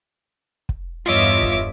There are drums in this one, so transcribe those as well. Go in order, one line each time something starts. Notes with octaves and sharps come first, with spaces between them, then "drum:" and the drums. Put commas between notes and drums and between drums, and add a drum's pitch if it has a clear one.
drum: kick
E2 G2 F4 C#5 D#5 E5 D6
drum: kick